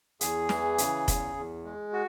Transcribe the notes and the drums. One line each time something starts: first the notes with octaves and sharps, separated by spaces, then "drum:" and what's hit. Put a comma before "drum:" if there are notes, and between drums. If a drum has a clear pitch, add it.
E2 G#4, drum: hi-hat
E3, drum: snare
C#3, drum: hi-hat
E2, drum: kick F1, hi-hat
E2
G#3
F#4